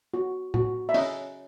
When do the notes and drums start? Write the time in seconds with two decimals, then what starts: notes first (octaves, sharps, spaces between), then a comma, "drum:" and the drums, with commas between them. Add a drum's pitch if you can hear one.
0.14 F#4
0.54 F#4, drum: tom
0.89 E5
0.94 C#4 D#5, drum: open hi-hat